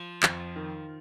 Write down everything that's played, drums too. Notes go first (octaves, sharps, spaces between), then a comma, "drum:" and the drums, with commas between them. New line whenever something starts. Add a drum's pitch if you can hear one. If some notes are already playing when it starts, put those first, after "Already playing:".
Already playing: F3
F2, drum: clap
D#3